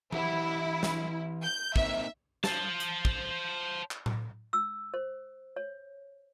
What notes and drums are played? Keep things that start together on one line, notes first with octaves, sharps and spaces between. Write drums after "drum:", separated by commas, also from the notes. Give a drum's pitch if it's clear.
E3 E4 G4 F#5, drum: tom E3
drum: snare
G6
A#3 C4 D#4 E5, drum: kick
C5 A5, drum: snare
drum: hi-hat
drum: kick
drum: clap
drum: tom A2
E6
C5
C#5